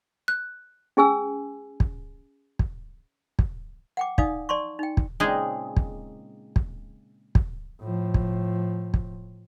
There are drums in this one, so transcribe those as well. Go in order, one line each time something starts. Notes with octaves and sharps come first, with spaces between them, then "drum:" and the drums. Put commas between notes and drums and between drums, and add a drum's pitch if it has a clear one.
F#6
C#4 G#4 G#5 E6
drum: kick
drum: kick
drum: kick
F#5 G5 D6
D#4 D5 F5 G#5 D#6, drum: kick
D5 A5 C6 C#6
D#4 G5
drum: kick
A#2 C#3 G#3 C4 D#4 G#4
drum: kick
drum: kick
drum: kick
A2 F3
drum: kick
drum: kick